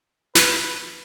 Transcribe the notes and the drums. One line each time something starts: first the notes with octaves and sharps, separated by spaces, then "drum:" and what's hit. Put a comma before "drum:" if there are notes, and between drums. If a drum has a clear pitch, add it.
B4, drum: snare